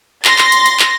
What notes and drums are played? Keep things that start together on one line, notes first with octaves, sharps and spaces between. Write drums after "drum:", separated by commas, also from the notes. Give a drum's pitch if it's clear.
C6 A6 A#6, drum: clap
drum: clap
drum: hi-hat
drum: hi-hat
drum: clap